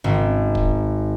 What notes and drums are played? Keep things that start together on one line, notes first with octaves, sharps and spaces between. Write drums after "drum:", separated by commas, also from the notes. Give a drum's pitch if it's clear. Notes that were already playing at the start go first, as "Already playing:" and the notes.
G#1
drum: kick